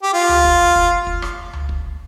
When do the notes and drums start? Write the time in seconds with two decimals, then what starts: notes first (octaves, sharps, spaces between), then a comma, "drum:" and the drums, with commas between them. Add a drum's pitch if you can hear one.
0.03 G4
0.13 F4
0.29 drum: tom C#2
0.45 drum: kick
0.76 drum: kick
1.07 drum: kick
1.22 drum: rim click
1.53 drum: tom C#2
1.69 drum: kick